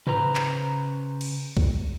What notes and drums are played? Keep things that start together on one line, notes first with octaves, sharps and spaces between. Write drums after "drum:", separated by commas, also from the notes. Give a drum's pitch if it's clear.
C#3 B4 C5 A#5, drum: tom G#2
drum: clap
drum: cymbal
drum: kick C2